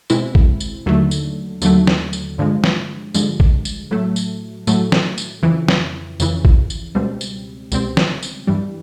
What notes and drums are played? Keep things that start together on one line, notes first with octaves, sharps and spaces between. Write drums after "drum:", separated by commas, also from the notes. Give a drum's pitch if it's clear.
B2 G#3 C4 E4, drum: tambourine
drum: kick
drum: tambourine
D#2 D3 F#3 A3
drum: tambourine
D#2 D3 F#3 A3, drum: tambourine
drum: snare
drum: tambourine
G2 D3 F3 G#3
drum: snare
G2 D3 F3 G#3, drum: tambourine
drum: kick
drum: tambourine
A2 F#3 A3
drum: tambourine
A2 F#3 A3, drum: tambourine
drum: snare
drum: tambourine
F2 C#3 E3
drum: snare
F2 C#3 E3, drum: tambourine
drum: kick
drum: tambourine
C#2 B2 G3 C4
drum: tambourine
C#2 B2 G3 C4, drum: tambourine
drum: snare
drum: tambourine
G2 E3 G3